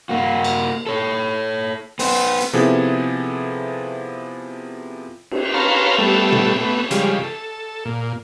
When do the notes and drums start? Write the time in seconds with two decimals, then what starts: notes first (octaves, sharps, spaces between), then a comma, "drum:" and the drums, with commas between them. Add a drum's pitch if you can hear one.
0.09 A#3 F#4
0.44 drum: cymbal
0.86 A4 C#5
1.99 B3 C5, drum: open hi-hat
2.40 drum: hi-hat
2.53 C3 F3 B3 E4 G#4 A4
5.31 drum: cymbal
5.54 B4 C#5 F5 A5 A#5 C6
5.98 G3 A3 B3 A4
6.32 drum: tom
6.61 A3 B3
6.91 C#3 F3 G3 G#3, drum: hi-hat
7.23 A4
7.85 A#2